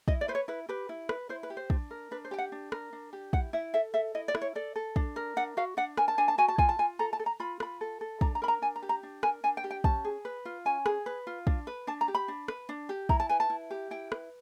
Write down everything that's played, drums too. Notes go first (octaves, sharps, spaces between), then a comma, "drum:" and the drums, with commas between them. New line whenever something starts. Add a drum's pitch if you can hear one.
E4 D#5, drum: kick
D5
B4 C5
C#5
E4 B4
G4 B4
E4
B4, drum: rim click
E4 C5
B4
G4
C5
D4, drum: kick
A#4
D4 B4
C5
G4 G5
F#5
D4
A#4, drum: rim click
D4
G4
E4 F#5, drum: kick
E4 E5
A4 E5
A4 E5
E4 D#5
D5
E4, drum: rim click
C#5
A4 D5
A4
D4, drum: kick
A#4
D4 F#5
F#4 F5
D4 F#5
A#4 G#5, drum: rim click
A5
D4 G#5
A5
F#4 G#5
A5
F4 G#5, drum: kick
A5
F4 G#5
A4 A#5
A5
A4
A#5
F4 B5
F4 B5, drum: rim click
A4
A4
D4 A#5, drum: kick
A#5
A#4 B5
A#5
D4 G#5
A#5
G4
A#5
D4
A#4 G#5, drum: rim click
D4 G#5
G5
G4
G5
C#4 A5, drum: kick
G#4
B4
F4
C#4 G#5
G#4, drum: rim click
B4
F4
D4, drum: kick
B4
D4 A5
A#5
G4
B5
D4
B4, drum: rim click
D4
G4
E4 A#5, drum: kick
A5
B4 G#5
A5
E4
G4
E4 G5
B4, drum: rim click